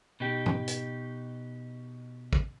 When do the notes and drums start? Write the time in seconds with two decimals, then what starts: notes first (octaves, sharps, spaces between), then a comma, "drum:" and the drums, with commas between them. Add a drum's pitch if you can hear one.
0.20 B2 D#4 G4
0.46 drum: tom
0.67 drum: hi-hat
2.33 drum: kick